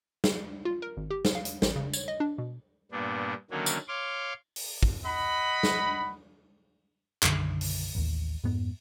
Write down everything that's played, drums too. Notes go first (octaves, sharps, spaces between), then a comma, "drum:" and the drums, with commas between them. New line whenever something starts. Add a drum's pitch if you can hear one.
drum: snare
F4
A#4
G#1
G4
drum: snare
F5
drum: hi-hat
A1, drum: snare
C#3
C#5, drum: tambourine
D#5
D4
B2
G2 A#2 B3 D4
D3 D#3 F#3 A#3 C#4
drum: tambourine
C#5 F5 C6 D6
drum: open hi-hat
drum: kick
D#5 F#5 B5
drum: snare
B1 F#2 D3 D#3, drum: clap
drum: open hi-hat
A1 D#2
F2 G#2 B3